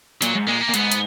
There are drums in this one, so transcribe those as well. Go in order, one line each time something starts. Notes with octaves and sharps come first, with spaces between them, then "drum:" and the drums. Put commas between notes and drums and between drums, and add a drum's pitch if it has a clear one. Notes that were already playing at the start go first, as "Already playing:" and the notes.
A#2 F#3, drum: hi-hat
G#2
A#2 G#3
A#3
A#2
G#2 B3, drum: hi-hat
drum: hi-hat